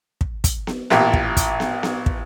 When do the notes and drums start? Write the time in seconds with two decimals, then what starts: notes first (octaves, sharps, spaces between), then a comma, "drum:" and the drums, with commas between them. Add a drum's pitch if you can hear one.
0.21 drum: kick
0.44 drum: kick, hi-hat
0.67 drum: snare B3
0.90 A1 A#2 E4 G4 A#4, drum: snare B3
1.13 drum: kick
1.37 drum: kick, hi-hat
1.60 drum: snare B3
1.83 drum: snare B3
2.06 drum: kick